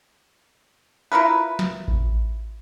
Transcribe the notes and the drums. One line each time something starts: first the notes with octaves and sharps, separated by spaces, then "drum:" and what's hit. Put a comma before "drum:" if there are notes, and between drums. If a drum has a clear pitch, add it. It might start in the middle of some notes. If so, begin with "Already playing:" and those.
E4 F4 A#4 B4
drum: snare
drum: kick A1